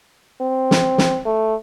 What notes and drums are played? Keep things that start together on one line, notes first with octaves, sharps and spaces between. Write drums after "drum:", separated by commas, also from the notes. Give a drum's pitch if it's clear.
C4
drum: snare
drum: snare
A3